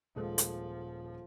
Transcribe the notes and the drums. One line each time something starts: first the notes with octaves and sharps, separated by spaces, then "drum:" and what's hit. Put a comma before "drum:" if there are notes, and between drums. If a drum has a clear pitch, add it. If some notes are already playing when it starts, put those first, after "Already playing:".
D#1 F3 G#3 A4
drum: hi-hat